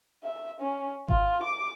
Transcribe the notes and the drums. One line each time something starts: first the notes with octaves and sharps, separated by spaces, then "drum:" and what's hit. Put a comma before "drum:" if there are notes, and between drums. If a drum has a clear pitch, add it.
E5
C#4
F4, drum: kick G#1
D6